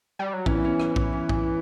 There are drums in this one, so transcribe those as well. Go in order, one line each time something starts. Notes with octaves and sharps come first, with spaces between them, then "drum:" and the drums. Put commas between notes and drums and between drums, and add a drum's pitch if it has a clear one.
G3
F#3
E3 C#4, drum: kick
B3
C#4
drum: rim click
drum: kick
C#4
drum: kick